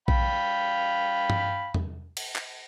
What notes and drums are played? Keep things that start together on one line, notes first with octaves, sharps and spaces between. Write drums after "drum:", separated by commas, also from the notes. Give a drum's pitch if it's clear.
F5 G5 B5, drum: kick A#1
drum: tom G2
drum: tom E2
drum: cymbal
drum: clap